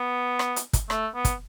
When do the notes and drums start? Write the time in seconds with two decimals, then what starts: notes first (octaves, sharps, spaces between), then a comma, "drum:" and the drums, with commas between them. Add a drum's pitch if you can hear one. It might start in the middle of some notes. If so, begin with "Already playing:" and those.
Already playing: B3
0.39 drum: rim click
0.56 drum: hi-hat
0.73 drum: kick, hi-hat
0.90 A3, drum: rim click
1.15 B3
1.25 drum: kick, hi-hat